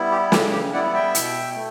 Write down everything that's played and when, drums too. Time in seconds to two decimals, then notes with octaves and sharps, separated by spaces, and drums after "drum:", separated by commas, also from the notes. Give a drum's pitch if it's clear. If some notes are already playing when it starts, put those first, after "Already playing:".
Already playing: G3 B3 E4
0.11 G4
0.32 C#3 G4, drum: snare
0.52 G4
0.73 G3 B3 E4 D5 F#5
0.94 E5 G5
1.15 B2, drum: hi-hat
1.55 A3